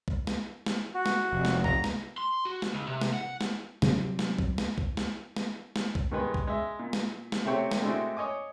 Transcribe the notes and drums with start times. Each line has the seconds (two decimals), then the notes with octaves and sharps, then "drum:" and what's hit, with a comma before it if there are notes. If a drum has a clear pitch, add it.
0.08 drum: kick C2
0.27 drum: snare
0.66 drum: snare
0.94 F#4
1.06 drum: snare
1.33 F1
1.45 drum: snare
1.64 A#5, drum: kick C2
1.84 drum: snare
2.18 C6
2.45 F#4
2.62 drum: snare
2.74 C#2
2.88 C3
3.01 drum: snare
3.14 F#5
3.41 drum: snare
3.82 C3 F#3 G3 C4, drum: snare
4.19 drum: snare
4.39 drum: kick C2
4.58 drum: snare
4.78 drum: kick C2
4.97 drum: snare
5.36 drum: snare
5.76 drum: snare
5.95 drum: kick C2
6.12 G2 D#3 G#3 B4
6.34 drum: kick C2
6.47 G#3 E5
6.79 A#2
6.93 drum: snare
7.32 drum: snare
7.45 C3 A3 C4 G4 C#5
7.71 drum: snare
7.82 G#3 A3 C4 D4 E4 F#4
8.17 C#5 D#5 G#5 D6